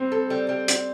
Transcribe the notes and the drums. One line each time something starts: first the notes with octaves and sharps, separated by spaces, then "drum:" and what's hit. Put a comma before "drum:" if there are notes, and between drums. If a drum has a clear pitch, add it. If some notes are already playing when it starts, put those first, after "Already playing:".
Already playing: G3 C4
A4
G3
G3
G3, drum: hi-hat